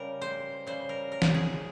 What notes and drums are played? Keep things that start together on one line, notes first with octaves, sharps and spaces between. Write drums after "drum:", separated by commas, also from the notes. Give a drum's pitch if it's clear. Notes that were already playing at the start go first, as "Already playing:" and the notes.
Already playing: C#3 G3 A#4
C5
C#3 G3 C5
A#4
A#4
drum: snare
G#4